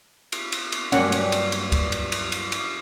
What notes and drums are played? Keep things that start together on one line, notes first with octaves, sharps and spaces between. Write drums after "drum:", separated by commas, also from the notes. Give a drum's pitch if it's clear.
drum: cymbal
drum: cymbal
drum: cymbal
G2 F#3 A#3 C#4 F#5, drum: cymbal
drum: cymbal
drum: cymbal
drum: cymbal
drum: kick D2, cymbal
drum: cymbal
drum: cymbal
drum: cymbal
drum: cymbal